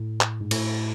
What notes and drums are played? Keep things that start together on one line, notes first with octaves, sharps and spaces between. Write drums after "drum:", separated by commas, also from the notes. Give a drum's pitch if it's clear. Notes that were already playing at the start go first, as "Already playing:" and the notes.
Already playing: A2
drum: clap
G#2
A2, drum: cymbal